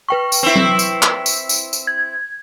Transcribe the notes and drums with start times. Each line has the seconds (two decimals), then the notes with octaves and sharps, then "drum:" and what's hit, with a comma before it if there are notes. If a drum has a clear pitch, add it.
0.08 B4 G5 C#6
0.32 drum: tambourine
0.43 C4 E4
0.55 drum: tom F#3
0.79 drum: tambourine
1.02 drum: clap
1.26 drum: tambourine
1.49 drum: tambourine
1.73 drum: tambourine
1.87 G#6